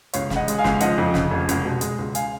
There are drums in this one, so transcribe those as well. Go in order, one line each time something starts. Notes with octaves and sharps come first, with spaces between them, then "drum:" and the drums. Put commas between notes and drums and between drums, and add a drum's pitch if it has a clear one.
C#2 C#5 F5, drum: hi-hat
C#3, drum: snare
D#5 F#5
G#3, drum: hi-hat
F5 G#5
C#2, drum: snare
F3 D#5 F#5, drum: hi-hat
F2
C#3, drum: snare
F1
C#2, drum: hi-hat
B2
G#3, drum: hi-hat
C#2
F5 G#5, drum: hi-hat